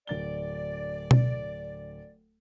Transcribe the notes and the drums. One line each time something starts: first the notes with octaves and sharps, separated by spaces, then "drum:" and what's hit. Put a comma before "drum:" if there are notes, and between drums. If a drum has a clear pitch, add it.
D1 D5 A6 G7
drum: tom B2